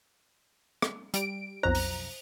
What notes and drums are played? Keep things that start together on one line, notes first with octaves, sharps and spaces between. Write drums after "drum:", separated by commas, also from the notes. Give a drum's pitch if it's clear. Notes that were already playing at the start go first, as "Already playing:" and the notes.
drum: rim click
G3 D7, drum: hi-hat
B1 F2 C5 A#5
drum: open hi-hat